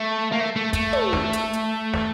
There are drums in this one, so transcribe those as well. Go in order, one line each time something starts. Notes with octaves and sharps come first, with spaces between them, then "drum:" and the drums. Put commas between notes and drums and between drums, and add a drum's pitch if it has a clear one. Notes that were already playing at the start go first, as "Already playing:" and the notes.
Already playing: A3
A#3
A3
A3
A3, drum: kick, hi-hat
drum: tom
drum: snare
drum: hi-hat
drum: hi-hat
drum: snare